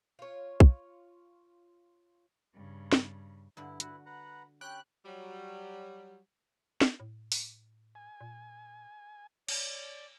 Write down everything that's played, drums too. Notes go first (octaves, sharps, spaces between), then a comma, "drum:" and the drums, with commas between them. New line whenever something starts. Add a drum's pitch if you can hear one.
F4 C#5
drum: kick
G2 C#3
drum: snare
G2 D3 E4 B5
E4 F#4 B4, drum: hi-hat
B4 F#5 A#5
C#4 G4 G5 B5 F#6
F#3 G3
drum: snare
A2
drum: open hi-hat
G#5
A#2
C#5 D5, drum: cymbal